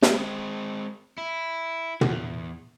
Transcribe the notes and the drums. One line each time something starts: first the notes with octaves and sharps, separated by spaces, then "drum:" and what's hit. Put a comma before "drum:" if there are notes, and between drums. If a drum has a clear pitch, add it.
G#3 C4, drum: snare
E4
E2, drum: tom